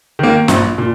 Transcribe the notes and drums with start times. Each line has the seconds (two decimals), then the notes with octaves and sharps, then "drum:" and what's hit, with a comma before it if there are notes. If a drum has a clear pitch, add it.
0.19 D#3 A#3
0.48 A#1, drum: snare
0.78 A#2